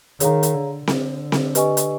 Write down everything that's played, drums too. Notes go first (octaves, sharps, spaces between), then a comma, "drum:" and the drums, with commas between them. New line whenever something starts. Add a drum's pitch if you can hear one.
D#3 G#4 C#5 F5 A#5, drum: hi-hat
drum: hi-hat
D3
D3, drum: snare C4
drum: snare C4
G4 B4 D#5 G#5 C#6, drum: hi-hat
drum: hi-hat